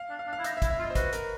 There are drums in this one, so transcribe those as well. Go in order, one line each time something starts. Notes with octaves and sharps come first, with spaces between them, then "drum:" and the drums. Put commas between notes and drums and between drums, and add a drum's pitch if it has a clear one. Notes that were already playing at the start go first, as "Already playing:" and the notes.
Already playing: F5
D4
F5
D4
F5
E4
D#4 E5, drum: hi-hat
E5
E4, drum: kick, hi-hat
E5
F4
D#5
C5
F#4 B4, drum: kick, hi-hat
A#4, drum: hi-hat